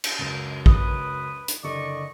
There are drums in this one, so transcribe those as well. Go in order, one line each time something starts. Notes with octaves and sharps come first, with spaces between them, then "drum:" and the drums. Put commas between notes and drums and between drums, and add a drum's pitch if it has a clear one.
drum: cymbal
C#2 F#2
B4 D#6, drum: kick
drum: hi-hat
F#1 D3 D5 D#5 C#6